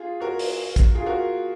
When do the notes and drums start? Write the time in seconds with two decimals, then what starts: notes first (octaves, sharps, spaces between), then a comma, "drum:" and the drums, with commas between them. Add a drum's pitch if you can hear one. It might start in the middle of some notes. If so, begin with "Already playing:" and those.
Already playing: F4 G#4
0.20 F#4 A#4
0.39 drum: open hi-hat
0.76 drum: kick, hi-hat
0.95 F4 G#4
1.06 F#4 A#4